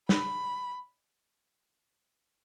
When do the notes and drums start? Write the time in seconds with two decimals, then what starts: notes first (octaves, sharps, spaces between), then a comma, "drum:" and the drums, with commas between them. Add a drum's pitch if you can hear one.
0.09 B5, drum: snare